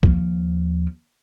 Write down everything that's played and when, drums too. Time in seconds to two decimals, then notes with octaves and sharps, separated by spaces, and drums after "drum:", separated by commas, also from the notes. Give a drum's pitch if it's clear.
0.03 D#2 F3, drum: kick